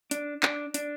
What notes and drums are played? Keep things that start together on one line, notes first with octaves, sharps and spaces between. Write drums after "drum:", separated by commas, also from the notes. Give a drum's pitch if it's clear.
D4, drum: hi-hat
D4, drum: clap
D4, drum: hi-hat